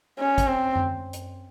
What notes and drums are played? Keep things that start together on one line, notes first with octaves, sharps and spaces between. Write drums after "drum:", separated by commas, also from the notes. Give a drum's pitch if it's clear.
C#4
drum: kick, hi-hat
C4
drum: tom F#2
drum: hi-hat